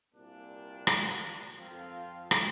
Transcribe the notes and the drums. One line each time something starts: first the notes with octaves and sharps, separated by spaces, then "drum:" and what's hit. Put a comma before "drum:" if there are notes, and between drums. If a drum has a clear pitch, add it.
C2 A#2 G3 A#3 D4
drum: rim click
F2 F3 C4 F4
drum: rim click